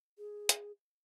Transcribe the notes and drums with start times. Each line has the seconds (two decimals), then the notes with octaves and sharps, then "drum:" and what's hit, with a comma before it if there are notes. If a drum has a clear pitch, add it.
0.18 G#4
0.49 drum: hi-hat